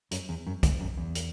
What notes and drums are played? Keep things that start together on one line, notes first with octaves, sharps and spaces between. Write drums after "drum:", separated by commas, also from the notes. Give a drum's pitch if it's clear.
F#2, drum: hi-hat
E2
F#2
G#2, drum: kick, hi-hat
F#2
E2
drum: hi-hat